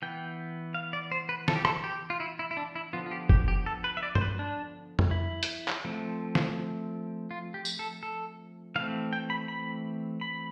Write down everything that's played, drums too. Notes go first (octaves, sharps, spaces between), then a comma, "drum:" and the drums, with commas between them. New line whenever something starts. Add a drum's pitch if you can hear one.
E3 B3 G5
F5
D5
C5
B4
A4, drum: snare
G4
A4, drum: rim click
G4
F4
E4
E4
E4
D4
E4
D3 F3 B3 F4
F4
G4
G4, drum: kick F1
G4
A4
B4
E5
D5
C5, drum: tom G2
B4
D4
drum: tom F2
E4
drum: hi-hat
drum: clap
F3 A3 C4
drum: snare
F4
G4
drum: tambourine
A4
A4
E3 A3 C4 F5
G5
B5
B5
B5